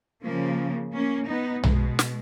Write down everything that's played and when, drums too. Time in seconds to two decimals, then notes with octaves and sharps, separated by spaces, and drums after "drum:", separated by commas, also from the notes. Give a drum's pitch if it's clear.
0.23 C#3 F3 A#3
0.94 A#3 C#4
1.28 B3 D#4
1.64 B2 G#3, drum: tom B1
1.99 drum: snare